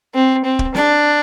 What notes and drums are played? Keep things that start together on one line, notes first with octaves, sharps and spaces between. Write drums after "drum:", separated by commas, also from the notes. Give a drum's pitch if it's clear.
C4
C4
drum: kick
D4, drum: snare